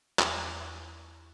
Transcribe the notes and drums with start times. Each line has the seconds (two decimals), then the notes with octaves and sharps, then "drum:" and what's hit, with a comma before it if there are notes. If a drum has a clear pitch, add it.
0.19 E2, drum: clap